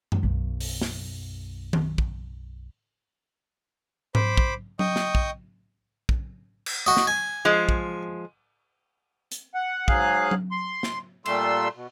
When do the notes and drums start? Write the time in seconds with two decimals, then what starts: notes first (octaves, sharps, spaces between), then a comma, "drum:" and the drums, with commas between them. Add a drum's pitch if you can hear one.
0.12 drum: tom F#2
0.23 B1 F#2
0.60 drum: open hi-hat
0.82 drum: snare
1.73 drum: tom D#3
1.98 drum: kick
4.15 C5 B5 D6, drum: tom G#2
4.37 drum: kick
4.79 D#5 G5 C#6 D#6, drum: tom F#3
4.96 drum: snare
5.15 drum: kick
6.09 drum: kick
6.66 drum: cymbal
6.86 F#4 D#5
6.97 drum: snare
7.07 G#5
7.45 F3 G#3
7.69 drum: kick
9.32 drum: hi-hat
9.55 F#5
9.88 G#2 F#3 G#4 F5 F#6, drum: kick
10.31 drum: tom F#3
10.51 C6
10.83 drum: snare
11.26 A#2 G3 A3 C6 E6, drum: cymbal
11.76 B2